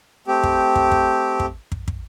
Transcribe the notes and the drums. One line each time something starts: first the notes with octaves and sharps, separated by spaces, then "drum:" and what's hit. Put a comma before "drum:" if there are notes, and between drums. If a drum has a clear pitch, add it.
A3 C4 G4
drum: kick
drum: kick
drum: kick
drum: kick
drum: kick
drum: kick